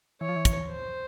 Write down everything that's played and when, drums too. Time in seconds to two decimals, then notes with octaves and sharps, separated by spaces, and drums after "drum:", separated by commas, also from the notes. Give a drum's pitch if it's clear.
0.21 E3 C#5
0.29 F3
0.36 E3
0.45 drum: kick, hi-hat
0.69 C5